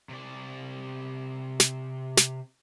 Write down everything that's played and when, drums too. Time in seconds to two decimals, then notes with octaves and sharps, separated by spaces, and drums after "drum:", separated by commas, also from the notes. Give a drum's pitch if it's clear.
0.09 C3 D5
1.60 drum: snare
2.17 drum: snare